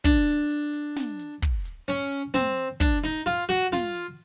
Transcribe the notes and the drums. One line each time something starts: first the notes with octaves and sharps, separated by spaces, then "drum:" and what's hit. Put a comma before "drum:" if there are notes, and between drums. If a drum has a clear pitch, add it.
D4, drum: kick, hi-hat
drum: hi-hat
drum: hi-hat
drum: hi-hat
drum: snare
drum: hi-hat
drum: kick, hi-hat
drum: hi-hat
C#4, drum: hi-hat
drum: hi-hat
C4, drum: snare
drum: hi-hat
D4, drum: kick
D#4, drum: hi-hat
F4, drum: hi-hat
F#4, drum: hi-hat
F4, drum: snare
drum: hi-hat